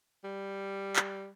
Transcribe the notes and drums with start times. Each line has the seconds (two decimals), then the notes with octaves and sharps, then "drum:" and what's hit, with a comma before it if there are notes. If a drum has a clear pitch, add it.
0.24 G3
0.96 drum: clap